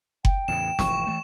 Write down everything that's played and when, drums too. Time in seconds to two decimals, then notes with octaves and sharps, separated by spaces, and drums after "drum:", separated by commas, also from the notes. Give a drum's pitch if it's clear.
0.25 G5, drum: kick F#1
0.48 E2 A2 C#3 E7
0.79 F1 G#2 E3 C#6, drum: snare
1.07 E3 F#3 A3